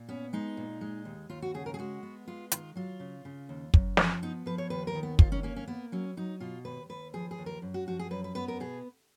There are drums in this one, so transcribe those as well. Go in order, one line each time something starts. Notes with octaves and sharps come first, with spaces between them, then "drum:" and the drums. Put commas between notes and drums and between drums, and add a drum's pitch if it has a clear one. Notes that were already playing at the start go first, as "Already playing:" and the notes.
Already playing: A#2
B3 C#4
G#3 D#4
A#2
G#3
D#2
D#2 F4
F#4
C#3 G#4
A#4
G#4
G#3 F#4
B3
G#3 F4
D#3 F4, drum: hi-hat
F#3 F4
C#3
C#3
D#2
F#2, drum: kick
F3, drum: snare
B3 D#4
F3 B4
C#5
D#2 B4
A#4
D#3
B3
D#2 F4, drum: kick
C#4
A#3 C#4
C#4
A#3 B3
F#3 C#4
F#3 D#4
B2 F4
D#2 B4
D#2 B4
F3 G#4
G#4
D#2
A#4
F#2
F#4
F3 F#4
G#4
F#2 B4
B4
B3 B4
A#4
B2 G#4